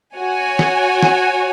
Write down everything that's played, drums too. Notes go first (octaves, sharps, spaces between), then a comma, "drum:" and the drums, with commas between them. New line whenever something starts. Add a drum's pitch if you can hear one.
F#4 C#5 G#5
drum: snare
drum: snare